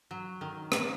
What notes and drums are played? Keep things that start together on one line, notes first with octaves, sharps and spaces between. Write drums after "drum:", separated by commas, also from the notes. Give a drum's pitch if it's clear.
F#3
D#3
D#3, drum: rim click